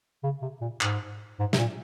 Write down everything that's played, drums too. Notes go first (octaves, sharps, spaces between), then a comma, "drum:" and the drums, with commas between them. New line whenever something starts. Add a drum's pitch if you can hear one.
C#3
C3
A#2
G#2, drum: clap
G#2
C3, drum: snare
A#2